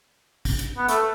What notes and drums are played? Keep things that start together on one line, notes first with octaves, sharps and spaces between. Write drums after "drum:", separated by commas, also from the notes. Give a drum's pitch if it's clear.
drum: kick, open hi-hat
drum: hi-hat
B3
A3, drum: hi-hat